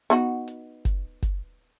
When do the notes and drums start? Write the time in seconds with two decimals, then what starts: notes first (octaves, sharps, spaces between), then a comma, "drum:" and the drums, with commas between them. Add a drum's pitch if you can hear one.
0.10 B3 D#4 F#4
0.48 drum: hi-hat
0.85 drum: kick F#1, hi-hat
1.22 drum: kick F#1, hi-hat